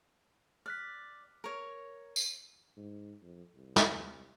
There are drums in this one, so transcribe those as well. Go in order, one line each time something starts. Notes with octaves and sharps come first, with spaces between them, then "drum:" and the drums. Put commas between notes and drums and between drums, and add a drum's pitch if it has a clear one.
D5 F6 F#6 B6
A#4 C#5
drum: tambourine
G#2
F2
C2
drum: snare